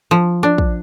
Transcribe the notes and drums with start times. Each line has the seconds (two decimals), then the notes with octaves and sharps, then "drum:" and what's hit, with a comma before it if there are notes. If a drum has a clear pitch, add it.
0.11 F3
0.43 D4
0.58 drum: kick